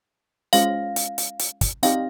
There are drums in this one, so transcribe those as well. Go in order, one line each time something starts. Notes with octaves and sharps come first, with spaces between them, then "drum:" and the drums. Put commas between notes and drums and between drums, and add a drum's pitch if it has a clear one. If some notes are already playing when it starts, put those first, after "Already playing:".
G#3 C#4 F4 G#4 C5 F5, drum: hi-hat
drum: hi-hat
drum: hi-hat
drum: hi-hat
drum: kick, hi-hat
C4 D#4 G4 F5, drum: hi-hat